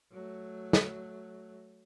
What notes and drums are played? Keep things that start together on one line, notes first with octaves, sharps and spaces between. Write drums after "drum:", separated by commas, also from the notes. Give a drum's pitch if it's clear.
F#3 A3
drum: snare